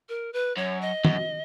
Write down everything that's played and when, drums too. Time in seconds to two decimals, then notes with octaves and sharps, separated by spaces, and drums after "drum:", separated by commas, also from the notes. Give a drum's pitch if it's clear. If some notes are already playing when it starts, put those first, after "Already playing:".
0.09 A#4
0.33 B4
0.57 F#2 C#5
0.81 D#5
1.05 F#2, drum: tom